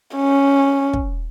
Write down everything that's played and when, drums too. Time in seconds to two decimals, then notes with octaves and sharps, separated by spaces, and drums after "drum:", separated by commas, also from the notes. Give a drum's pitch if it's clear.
0.16 C#4
0.93 drum: kick